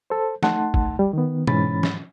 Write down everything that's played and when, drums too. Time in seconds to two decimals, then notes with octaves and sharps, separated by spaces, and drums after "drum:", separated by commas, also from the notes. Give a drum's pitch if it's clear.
0.10 A4 C5
0.43 A3 D#4 F#5 A5 C6, drum: snare
0.74 drum: kick
0.99 G3
1.13 D#3 B3
1.47 G#2 E3 C#4 B5 A6, drum: tom B2
1.83 drum: snare